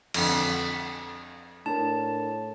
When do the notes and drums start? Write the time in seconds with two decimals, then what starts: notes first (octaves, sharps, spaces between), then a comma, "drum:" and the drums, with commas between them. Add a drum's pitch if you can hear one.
0.14 F2 D3, drum: cymbal
1.66 A2 D4 A#4 A5